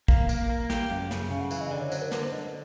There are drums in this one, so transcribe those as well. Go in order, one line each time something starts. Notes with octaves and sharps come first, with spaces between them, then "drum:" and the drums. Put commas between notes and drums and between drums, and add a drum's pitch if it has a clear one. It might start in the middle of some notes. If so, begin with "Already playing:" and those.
A#3 F5, drum: kick
A#3, drum: tambourine
A#3
G4, drum: snare
F#2
C#3, drum: snare
C#3 F5
F#5
E3 F5, drum: tambourine
D#5
D3 D5
C#5
F#3 C5, drum: tambourine
A#4
D3 B4, drum: snare
C5
D3 D#5